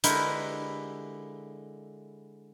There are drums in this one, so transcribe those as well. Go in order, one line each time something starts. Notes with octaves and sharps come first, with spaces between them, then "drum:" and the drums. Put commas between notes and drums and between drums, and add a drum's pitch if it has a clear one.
D3 G#3 E4 G4 A#4 B4, drum: hi-hat